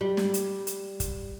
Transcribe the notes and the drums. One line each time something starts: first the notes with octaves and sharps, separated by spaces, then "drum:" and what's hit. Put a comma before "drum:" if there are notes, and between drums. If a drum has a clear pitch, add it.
G3
drum: snare
drum: hi-hat
drum: hi-hat
drum: kick, hi-hat